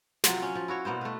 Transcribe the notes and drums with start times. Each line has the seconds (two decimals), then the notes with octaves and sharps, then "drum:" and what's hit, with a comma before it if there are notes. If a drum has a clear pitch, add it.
0.24 C3 F3 F#3 F4, drum: snare
0.42 C#4
0.55 F3
0.68 E4 F#4 C#5
0.85 B2 A#3 B3 C5
1.01 A3 B4